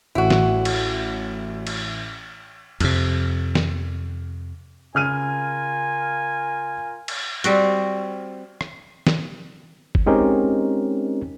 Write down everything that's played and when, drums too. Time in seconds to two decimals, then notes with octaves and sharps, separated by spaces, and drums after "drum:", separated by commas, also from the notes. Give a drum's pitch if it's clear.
0.15 A1 E4 F#4
0.30 drum: snare
0.65 drum: cymbal
1.67 drum: cymbal
2.80 F2 C3, drum: cymbal
3.55 drum: snare
4.95 C#3 F4 A#4 G#5 F6 D#7
7.08 drum: cymbal
7.44 G3 C4 F#4, drum: hi-hat
8.61 drum: rim click
9.07 drum: snare
9.95 drum: kick
10.06 G#3 C4 C#4 D#4 G4 A#4